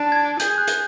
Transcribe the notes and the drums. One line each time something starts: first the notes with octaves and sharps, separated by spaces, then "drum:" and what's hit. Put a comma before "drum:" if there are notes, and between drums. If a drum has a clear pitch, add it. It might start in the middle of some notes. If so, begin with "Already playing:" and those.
Already playing: D4
G#6
G#4 G6, drum: hi-hat
F#6
drum: hi-hat